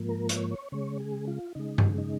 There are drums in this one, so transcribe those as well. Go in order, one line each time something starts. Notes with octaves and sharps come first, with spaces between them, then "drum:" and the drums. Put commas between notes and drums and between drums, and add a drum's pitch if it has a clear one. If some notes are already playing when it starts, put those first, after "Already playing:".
Already playing: G#2 F3 A#3
A#4
C#5, drum: hi-hat
C#5
C#3 G#3 C#5
G#4
F4
C#3 G#3 D#4
drum: tom G2
D#4